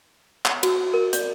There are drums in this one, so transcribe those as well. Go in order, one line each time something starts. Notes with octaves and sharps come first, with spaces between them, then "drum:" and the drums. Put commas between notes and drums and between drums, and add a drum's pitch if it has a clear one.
drum: clap
F#4, drum: cymbal
A#4
D5, drum: hi-hat